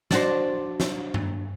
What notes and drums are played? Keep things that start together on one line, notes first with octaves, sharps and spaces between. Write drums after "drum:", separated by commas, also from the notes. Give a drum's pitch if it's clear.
D4 F#4 C5, drum: snare
drum: snare
drum: tom G2